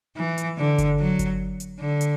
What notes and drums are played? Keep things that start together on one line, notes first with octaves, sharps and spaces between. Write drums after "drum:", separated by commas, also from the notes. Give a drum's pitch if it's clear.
E3
drum: hi-hat
D3
drum: kick G1, hi-hat
F#3
drum: kick G1, hi-hat
drum: hi-hat
D3
drum: hi-hat